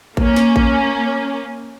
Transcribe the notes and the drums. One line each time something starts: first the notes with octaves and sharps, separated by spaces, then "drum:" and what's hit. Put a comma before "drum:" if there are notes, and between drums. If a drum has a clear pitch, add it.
A#3 C#4, drum: kick A1
drum: snare
drum: kick A1